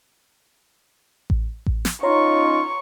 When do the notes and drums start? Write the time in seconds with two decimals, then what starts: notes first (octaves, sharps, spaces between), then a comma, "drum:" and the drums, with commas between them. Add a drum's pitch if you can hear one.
1.30 drum: kick A1
1.66 drum: kick A1
1.85 drum: snare
2.03 C#4 D#4 F4 C#5 A#5 C6 C#6